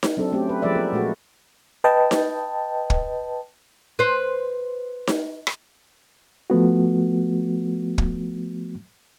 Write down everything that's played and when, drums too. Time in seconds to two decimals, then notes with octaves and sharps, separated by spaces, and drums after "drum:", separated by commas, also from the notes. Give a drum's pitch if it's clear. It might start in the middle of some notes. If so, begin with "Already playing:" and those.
0.03 drum: snare D#4
0.17 F#3 C4 D4 A4
0.33 A3 C4 C#4 G4
0.49 B4
0.62 F3 G#3 B4 D5 E5
0.75 B3 A#4
0.93 A#2 G#3 A3 F#4
1.84 B4 D#5 G5 A5
2.11 drum: snare D#4
2.90 drum: kick
3.99 B4 C5
5.07 drum: snare D#4
5.47 drum: rim click
6.50 F3 A3 B3 F#4
7.98 drum: kick